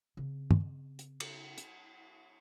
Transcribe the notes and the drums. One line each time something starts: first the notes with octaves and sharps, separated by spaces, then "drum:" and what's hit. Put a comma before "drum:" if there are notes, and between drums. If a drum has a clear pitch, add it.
C#3 C4
drum: tom
drum: hi-hat
drum: cymbal
drum: hi-hat